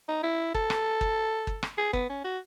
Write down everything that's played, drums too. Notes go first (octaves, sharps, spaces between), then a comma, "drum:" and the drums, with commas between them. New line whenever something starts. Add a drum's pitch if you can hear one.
D#4
E4
A4, drum: kick
drum: rim click
drum: kick
drum: kick
drum: rim click
G#4
B3, drum: kick
C#4
F#4